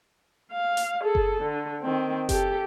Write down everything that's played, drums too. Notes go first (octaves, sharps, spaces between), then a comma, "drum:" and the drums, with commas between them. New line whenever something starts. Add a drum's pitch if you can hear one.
F5
drum: hi-hat
G#4 A4
drum: kick F#1
D3
D#3 C4
G4 A4, drum: kick F#1, hi-hat